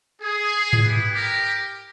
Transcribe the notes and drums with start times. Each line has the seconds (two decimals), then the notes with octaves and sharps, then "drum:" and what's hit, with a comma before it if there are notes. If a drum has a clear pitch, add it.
0.22 G#4
0.73 drum: tom G#2
0.83 B3 E4 G4
1.14 G4 A#4